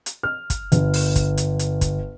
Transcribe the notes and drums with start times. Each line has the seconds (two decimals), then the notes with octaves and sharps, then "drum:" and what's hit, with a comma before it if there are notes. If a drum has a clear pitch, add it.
0.06 drum: hi-hat
0.23 F6
0.50 drum: kick, hi-hat
0.72 G1, drum: hi-hat
0.94 drum: open hi-hat
1.16 drum: kick, hi-hat
1.37 drum: hi-hat
1.59 drum: hi-hat
1.81 drum: kick, hi-hat